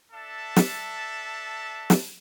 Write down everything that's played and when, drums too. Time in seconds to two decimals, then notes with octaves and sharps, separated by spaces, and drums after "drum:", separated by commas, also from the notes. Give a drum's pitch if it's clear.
0.12 D4 A4 E5 A5
0.56 drum: snare
1.90 drum: snare